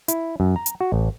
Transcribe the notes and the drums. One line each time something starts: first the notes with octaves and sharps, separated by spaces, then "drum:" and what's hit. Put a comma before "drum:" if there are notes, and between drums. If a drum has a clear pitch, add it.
E4, drum: hi-hat
F#2
A#5
drum: hi-hat
F#4
A1